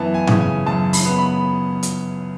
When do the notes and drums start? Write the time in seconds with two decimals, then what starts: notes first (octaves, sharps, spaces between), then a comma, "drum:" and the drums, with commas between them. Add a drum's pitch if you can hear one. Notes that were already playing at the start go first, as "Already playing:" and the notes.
Already playing: F#2 E3 B3 A5
0.14 G#5
0.27 C#3, drum: tom G#2
0.41 G#5
0.67 F#2 A5
0.93 B5, drum: open hi-hat
1.05 B3
1.18 B5
1.83 drum: hi-hat